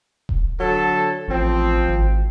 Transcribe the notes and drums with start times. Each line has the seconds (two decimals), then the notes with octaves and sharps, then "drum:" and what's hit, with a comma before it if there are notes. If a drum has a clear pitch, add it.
0.29 drum: kick D#1
0.58 D3 F#3 A4
1.28 A1 F3 C4
1.88 G#1